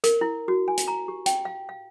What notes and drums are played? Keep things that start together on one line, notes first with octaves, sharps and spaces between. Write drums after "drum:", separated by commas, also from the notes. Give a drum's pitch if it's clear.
A#4, drum: hi-hat
E4
F#4
G#5
drum: hi-hat
A#5
G4
G5, drum: hi-hat
F5
F5